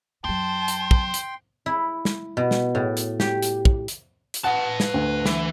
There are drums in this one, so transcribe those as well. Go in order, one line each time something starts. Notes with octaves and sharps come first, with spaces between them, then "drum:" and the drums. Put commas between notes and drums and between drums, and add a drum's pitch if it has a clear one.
F#2 F#3 C5 G5 A5 C6
drum: hi-hat
drum: kick
drum: hi-hat
E4
drum: snare
B2
drum: snare
A2
drum: hi-hat
G4, drum: snare
drum: hi-hat
drum: kick
drum: hi-hat
drum: hi-hat
B4 F#5 A5
drum: snare
D2
E3, drum: snare